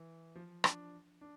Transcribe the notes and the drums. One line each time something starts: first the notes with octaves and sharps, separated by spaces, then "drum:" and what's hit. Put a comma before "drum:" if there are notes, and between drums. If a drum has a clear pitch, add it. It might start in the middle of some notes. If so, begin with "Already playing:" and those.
Already playing: E3
F3
D4, drum: rim click
D4